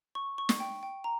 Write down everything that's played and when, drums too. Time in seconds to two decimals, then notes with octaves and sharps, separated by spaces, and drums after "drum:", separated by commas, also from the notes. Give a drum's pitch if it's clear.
0.15 C#6
0.38 C#6
0.49 drum: snare
0.60 G5
0.83 G5
1.04 A#5